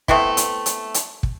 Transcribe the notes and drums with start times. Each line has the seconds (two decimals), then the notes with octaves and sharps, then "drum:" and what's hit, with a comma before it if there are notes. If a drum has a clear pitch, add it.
0.08 A3 B3 C4 E4, drum: kick
0.37 drum: hi-hat
0.66 drum: hi-hat
0.94 drum: hi-hat
1.23 drum: kick